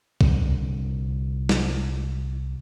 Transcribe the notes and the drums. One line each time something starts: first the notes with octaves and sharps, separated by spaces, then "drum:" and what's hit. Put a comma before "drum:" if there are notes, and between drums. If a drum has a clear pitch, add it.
C2 D3, drum: kick
drum: snare